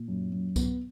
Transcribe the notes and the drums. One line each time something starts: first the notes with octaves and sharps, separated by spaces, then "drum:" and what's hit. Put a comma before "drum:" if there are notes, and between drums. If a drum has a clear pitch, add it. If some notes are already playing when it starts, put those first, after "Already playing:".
Already playing: A#2
F#2
F#2
B3, drum: kick C2, tambourine